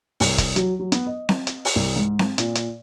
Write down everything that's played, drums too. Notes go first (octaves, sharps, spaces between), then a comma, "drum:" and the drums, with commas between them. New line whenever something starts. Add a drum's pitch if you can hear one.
C2, drum: open hi-hat
drum: kick, hi-hat
F#3, drum: hi-hat
F#3
B3, drum: hi-hat
D#5
drum: snare C4
drum: hi-hat
drum: open hi-hat
C2
G#2
drum: snare C4
A#2, drum: hi-hat
drum: hi-hat